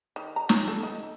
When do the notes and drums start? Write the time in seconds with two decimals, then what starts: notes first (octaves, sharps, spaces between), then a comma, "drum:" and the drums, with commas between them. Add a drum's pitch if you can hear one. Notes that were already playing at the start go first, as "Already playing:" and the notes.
0.16 D#3
0.36 A#5
0.49 C#4, drum: snare
0.68 A4
0.83 D#4